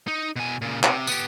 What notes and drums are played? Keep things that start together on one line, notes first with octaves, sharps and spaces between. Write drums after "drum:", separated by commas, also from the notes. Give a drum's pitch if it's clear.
D#4
B2 G#5
A#2 C#3
C3, drum: clap
B3 G4, drum: tambourine